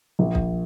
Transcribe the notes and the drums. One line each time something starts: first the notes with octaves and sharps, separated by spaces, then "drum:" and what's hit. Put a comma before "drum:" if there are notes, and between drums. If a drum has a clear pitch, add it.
A#1
drum: kick